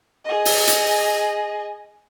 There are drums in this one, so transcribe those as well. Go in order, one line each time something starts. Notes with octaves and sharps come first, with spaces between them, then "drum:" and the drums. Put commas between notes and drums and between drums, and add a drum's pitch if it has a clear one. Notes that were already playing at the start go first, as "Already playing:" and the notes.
G#4 D#5
drum: open hi-hat
drum: hi-hat